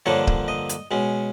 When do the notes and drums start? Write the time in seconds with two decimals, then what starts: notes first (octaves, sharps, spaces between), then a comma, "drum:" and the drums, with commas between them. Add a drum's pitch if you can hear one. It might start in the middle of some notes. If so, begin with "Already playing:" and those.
0.06 G2 D3 F3 A#3 D4 C#5
0.27 drum: kick D1
0.48 D#5
0.69 drum: hi-hat
0.91 B2 G#3 C#4